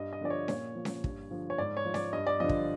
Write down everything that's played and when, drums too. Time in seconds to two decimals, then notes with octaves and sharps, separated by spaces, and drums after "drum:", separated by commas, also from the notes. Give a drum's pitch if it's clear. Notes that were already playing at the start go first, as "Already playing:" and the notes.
Already playing: G2 D#5
0.13 D#5
0.21 D3 F3 D5
0.30 C#5
0.48 A#2 C#5, drum: snare C#4
0.75 F3
0.85 drum: snare C#4
1.04 G2, drum: kick
1.31 D3 F3
1.50 C#5
1.58 G#2 D5
1.77 C#5
1.85 F3
1.94 D5, drum: snare C#4
2.13 G2 D#5
2.27 D5
2.40 D3 F3 D#5
2.49 drum: kick